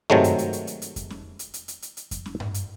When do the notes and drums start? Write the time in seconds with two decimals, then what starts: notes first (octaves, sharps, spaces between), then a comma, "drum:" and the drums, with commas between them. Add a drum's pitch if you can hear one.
0.10 C3 D#3 F#3 G#3 A3, drum: tom G2
0.24 drum: hi-hat
0.38 drum: hi-hat
0.53 drum: hi-hat
0.67 drum: hi-hat
0.82 drum: hi-hat
0.96 drum: kick F2, hi-hat
1.10 drum: snare C#4
1.39 drum: hi-hat
1.54 drum: hi-hat
1.68 drum: hi-hat
1.82 drum: hi-hat
1.97 drum: hi-hat
2.11 drum: kick F2, hi-hat
2.26 drum: snare C#4
2.40 drum: tom G2
2.54 drum: hi-hat